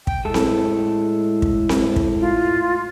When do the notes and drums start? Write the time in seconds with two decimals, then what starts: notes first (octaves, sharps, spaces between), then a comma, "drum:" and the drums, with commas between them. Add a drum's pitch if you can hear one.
0.07 G5, drum: kick
0.25 A2 G#3 A4
0.34 drum: snare C4
1.42 drum: kick
1.69 drum: snare C4
1.96 drum: kick
2.20 F4